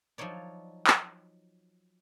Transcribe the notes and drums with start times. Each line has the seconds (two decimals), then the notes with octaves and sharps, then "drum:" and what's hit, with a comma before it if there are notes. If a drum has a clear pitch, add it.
0.18 F3 F#3 D#4 C#5 D5
0.87 drum: clap